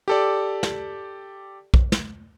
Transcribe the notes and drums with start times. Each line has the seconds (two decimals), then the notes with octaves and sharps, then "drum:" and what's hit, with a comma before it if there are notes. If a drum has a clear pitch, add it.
0.08 G4 A4 D5
0.63 drum: snare
1.74 drum: kick
1.92 drum: snare